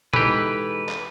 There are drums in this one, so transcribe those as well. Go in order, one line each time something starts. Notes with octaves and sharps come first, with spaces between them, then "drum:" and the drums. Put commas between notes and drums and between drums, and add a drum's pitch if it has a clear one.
E3 G#3 D#4 G4 A4 B4, drum: tom B2
drum: clap